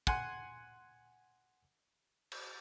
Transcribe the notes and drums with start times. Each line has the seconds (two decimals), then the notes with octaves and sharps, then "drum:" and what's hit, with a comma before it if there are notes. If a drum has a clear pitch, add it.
0.07 F#5 G#5 C6, drum: kick
2.32 drum: cymbal